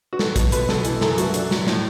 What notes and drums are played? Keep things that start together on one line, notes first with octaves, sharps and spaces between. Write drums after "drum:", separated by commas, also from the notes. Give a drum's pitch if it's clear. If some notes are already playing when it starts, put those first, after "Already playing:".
F#4
F#3 A4, drum: snare
B2, drum: kick, hi-hat
B3 B4, drum: hi-hat
B2 A4, drum: snare
E3, drum: hi-hat
F#2 A4, drum: snare
A3 F#4, drum: hi-hat
D4, drum: hi-hat
F#3, drum: snare
A2, drum: snare